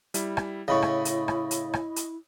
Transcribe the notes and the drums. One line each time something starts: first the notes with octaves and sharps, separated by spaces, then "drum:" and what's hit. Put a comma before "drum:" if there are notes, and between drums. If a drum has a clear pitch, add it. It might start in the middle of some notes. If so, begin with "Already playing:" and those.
G3 E4, drum: hi-hat
drum: rim click
A2 C#3 E4 D#5 B5 C#6
drum: rim click
drum: hi-hat
drum: rim click
drum: hi-hat
drum: rim click
drum: hi-hat